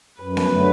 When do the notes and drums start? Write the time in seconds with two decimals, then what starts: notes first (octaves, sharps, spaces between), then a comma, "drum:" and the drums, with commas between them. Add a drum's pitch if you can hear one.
0.21 F#2 B4
0.37 drum: snare B3
0.52 D3 F#3 A3